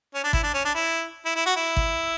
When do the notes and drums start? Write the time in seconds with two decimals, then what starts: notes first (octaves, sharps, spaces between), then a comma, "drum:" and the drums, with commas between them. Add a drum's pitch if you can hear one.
0.14 C#4
0.24 D4
0.33 E4, drum: kick
0.43 D4
0.54 C#4
0.65 D4
0.75 E4
1.25 E4
1.36 E4
1.46 F#4
1.56 E4
1.77 drum: kick